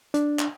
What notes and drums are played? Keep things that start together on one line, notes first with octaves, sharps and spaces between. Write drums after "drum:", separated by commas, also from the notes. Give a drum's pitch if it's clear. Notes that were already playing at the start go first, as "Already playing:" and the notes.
D4, drum: hi-hat
drum: clap